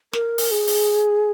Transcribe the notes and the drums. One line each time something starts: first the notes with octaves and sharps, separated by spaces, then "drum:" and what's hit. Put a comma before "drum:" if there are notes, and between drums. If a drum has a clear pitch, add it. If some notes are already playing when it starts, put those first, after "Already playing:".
A#4, drum: snare
drum: open hi-hat
G#4
drum: open hi-hat